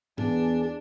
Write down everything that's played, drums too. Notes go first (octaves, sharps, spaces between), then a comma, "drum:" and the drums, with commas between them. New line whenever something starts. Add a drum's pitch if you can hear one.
E2 B3 D4 G#4, drum: tom G#2